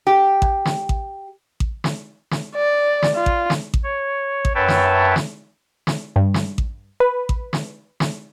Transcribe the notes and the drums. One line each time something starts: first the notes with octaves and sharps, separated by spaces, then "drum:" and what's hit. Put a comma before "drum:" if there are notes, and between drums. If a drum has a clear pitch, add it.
G4
drum: kick A1
drum: snare
drum: kick A1
drum: kick A1
drum: snare
drum: snare
D5
drum: snare
F4
drum: kick A1
drum: snare
drum: kick A1
C#5
drum: kick A1
F#2 B4 C#5 E5 G5 A5
drum: snare
drum: snare
drum: snare
G2
drum: snare
drum: kick A1
B4
drum: kick A1
drum: snare
drum: snare